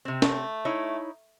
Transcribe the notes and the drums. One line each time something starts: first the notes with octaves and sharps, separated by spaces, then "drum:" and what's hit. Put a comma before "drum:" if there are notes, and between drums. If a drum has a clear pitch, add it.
C3 C4
A3, drum: snare C#4
D#4 E4 C#5